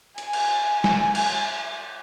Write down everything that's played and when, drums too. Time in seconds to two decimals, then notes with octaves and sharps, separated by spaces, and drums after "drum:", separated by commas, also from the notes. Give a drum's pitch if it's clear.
0.18 G#5, drum: hi-hat
0.33 drum: cymbal
0.84 drum: snare
1.15 drum: cymbal